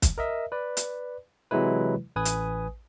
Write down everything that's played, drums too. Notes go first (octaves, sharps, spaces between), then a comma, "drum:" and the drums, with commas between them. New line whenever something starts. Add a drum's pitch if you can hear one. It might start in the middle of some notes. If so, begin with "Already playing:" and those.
drum: kick, hi-hat
A#4 D#5 E5
B4 D5
drum: hi-hat
C3 E3 F#3 G#3 E4 B4
A1 B4 G#5 D#6
drum: hi-hat